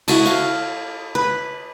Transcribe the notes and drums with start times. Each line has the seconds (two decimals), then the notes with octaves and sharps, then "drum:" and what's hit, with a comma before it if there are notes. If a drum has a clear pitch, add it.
0.08 E4 F#4 A4, drum: cymbal
0.25 F5, drum: hi-hat
1.15 B4